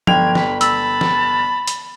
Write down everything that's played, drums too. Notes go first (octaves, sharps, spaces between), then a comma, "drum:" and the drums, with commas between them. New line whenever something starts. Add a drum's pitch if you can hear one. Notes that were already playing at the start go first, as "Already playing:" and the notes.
G1 G5 G#6 F7, drum: tom F3
B5, drum: snare
A5 B5 E6, drum: hi-hat
drum: snare
drum: hi-hat